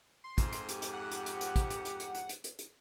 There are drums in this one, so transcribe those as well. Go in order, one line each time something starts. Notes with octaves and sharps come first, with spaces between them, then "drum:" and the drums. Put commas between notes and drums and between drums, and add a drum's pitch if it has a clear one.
C6
F2 G#2, drum: kick, hi-hat
drum: hi-hat
G4, drum: hi-hat
drum: hi-hat
F#5
drum: hi-hat
drum: hi-hat
drum: hi-hat
drum: kick, hi-hat
drum: hi-hat
drum: hi-hat
drum: hi-hat
drum: hi-hat
drum: hi-hat
drum: hi-hat
drum: hi-hat